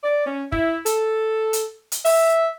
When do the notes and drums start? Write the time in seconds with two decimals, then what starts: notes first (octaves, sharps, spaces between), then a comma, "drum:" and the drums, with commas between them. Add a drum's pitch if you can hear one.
0.03 D5
0.26 C#4
0.52 E4, drum: kick
0.86 A4, drum: hi-hat
1.53 drum: hi-hat
1.92 drum: hi-hat
2.05 E5, drum: open hi-hat